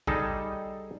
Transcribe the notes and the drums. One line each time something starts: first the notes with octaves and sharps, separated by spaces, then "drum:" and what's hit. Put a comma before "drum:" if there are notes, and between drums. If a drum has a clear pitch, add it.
G3 D#4 G#4 A4 D#5, drum: kick